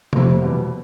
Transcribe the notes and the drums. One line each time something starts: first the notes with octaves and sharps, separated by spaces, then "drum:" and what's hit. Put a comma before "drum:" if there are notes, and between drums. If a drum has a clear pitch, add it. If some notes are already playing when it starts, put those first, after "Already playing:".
F2 C3 F3 A3, drum: tom C3
E2 B2 G3